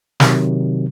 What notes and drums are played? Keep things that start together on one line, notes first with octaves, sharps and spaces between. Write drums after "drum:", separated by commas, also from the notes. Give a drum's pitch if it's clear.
C3 D#3 F#3, drum: snare